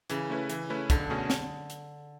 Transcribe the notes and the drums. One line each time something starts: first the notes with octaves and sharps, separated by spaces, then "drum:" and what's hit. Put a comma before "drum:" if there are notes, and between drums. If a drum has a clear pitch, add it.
C#3 E3, drum: hi-hat
A3 C#4 E4 B4
E3, drum: hi-hat
A3 C#4 E4 B4
B1 D3, drum: kick, hi-hat
B2 A3 C#4 G#4
drum: snare
drum: hi-hat